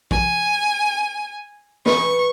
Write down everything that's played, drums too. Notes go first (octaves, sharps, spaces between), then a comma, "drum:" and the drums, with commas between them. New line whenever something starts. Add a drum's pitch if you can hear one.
G#5, drum: kick
B4 C#6, drum: snare